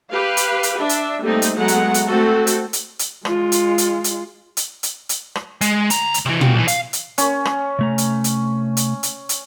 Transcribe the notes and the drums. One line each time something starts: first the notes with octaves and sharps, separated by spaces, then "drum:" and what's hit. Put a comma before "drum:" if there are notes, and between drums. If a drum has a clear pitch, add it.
G4 B4 F5
drum: hi-hat
drum: hi-hat
D4 E5
drum: hi-hat
G3 A3 A#3 C4 D#4
drum: hi-hat
F#3 G#3 A3 B3 F#5 A#5
drum: hi-hat
drum: hi-hat
A3 C4 F#4 A4
drum: hi-hat
drum: hi-hat
drum: hi-hat
G#3 F4, drum: rim click
drum: hi-hat
drum: hi-hat
drum: hi-hat
drum: hi-hat
drum: hi-hat
drum: hi-hat
drum: rim click
G#3, drum: hi-hat
D2 A#5, drum: hi-hat
drum: hi-hat
C3 E3
F4 G4, drum: tom
B1 E3
F5, drum: hi-hat
drum: hi-hat
C#4, drum: hi-hat
drum: rim click
C3 A3 A#5
drum: hi-hat
drum: hi-hat
drum: hi-hat
drum: hi-hat
drum: hi-hat